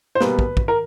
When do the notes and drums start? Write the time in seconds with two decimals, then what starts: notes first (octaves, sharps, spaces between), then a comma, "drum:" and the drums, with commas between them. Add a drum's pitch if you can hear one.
0.15 C5
0.21 B2 G3 A#3 B4, drum: snare
0.39 drum: kick
0.57 drum: kick
0.68 A#4